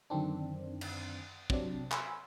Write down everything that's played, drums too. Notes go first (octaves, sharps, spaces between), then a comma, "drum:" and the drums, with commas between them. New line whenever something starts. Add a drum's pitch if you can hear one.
F#2 D3 D#3 C4 D4
drum: cymbal
C3 F#3 C4 D4, drum: kick
G#5 B5 C6 E6, drum: clap